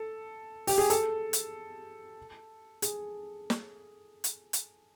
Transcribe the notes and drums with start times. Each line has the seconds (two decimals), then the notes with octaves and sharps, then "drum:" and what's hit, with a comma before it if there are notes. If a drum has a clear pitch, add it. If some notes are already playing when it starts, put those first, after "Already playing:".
Already playing: A4
0.67 G4, drum: open hi-hat
0.78 G#4
0.90 A4, drum: hi-hat
1.33 drum: hi-hat
2.82 G#4, drum: hi-hat
3.50 drum: snare
4.24 drum: hi-hat
4.53 drum: hi-hat